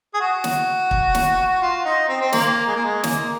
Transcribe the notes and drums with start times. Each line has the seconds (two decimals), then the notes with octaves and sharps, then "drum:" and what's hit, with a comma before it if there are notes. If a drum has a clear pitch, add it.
0.14 G#4
0.20 F#4
0.44 drum: snare
0.91 drum: kick
1.15 drum: snare
1.62 F4
1.85 D#4
2.09 C4
2.21 C4
2.32 A#3, drum: snare
2.67 G#3
2.76 A#3
2.84 G#3
3.03 A#3, drum: snare